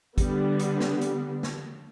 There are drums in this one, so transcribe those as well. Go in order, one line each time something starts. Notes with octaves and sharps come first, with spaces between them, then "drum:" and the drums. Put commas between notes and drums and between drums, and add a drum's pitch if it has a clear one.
D3 G3 B3, drum: kick G#1, hi-hat
drum: hi-hat
drum: snare
drum: hi-hat
drum: snare